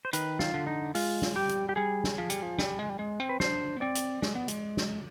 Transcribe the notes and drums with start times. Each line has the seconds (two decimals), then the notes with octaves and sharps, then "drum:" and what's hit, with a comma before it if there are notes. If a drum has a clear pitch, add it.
0.05 C5
0.13 D#3 B4, drum: hi-hat
0.39 F4, drum: snare
0.54 D3
0.67 D#4
0.95 G#3 F4, drum: open hi-hat
1.22 drum: snare
1.35 G3 G4
1.49 drum: hi-hat
1.69 G4
1.76 G3 G#4
2.04 drum: snare
2.18 F3
2.30 G3, drum: hi-hat
2.42 F3
2.58 G3, drum: snare
2.79 G#3
2.89 G3
2.99 G#3
3.20 C4
3.29 B4
3.40 D4 C5, drum: snare
3.77 B3
3.81 C4 D5
3.95 drum: hi-hat
4.22 G#3, drum: snare
4.35 B3
4.48 G#3, drum: hi-hat
4.77 drum: snare